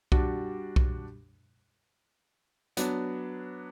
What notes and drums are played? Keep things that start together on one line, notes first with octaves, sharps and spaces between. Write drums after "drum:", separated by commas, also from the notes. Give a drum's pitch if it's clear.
G3 D4 F#4, drum: kick B1
drum: kick B1
F#3 B3 D4, drum: hi-hat